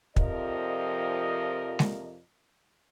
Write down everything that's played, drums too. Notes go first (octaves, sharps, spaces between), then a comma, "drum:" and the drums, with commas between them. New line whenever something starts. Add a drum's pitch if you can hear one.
F2 C3 F3 A#4 D5 D#5, drum: kick
drum: snare G#3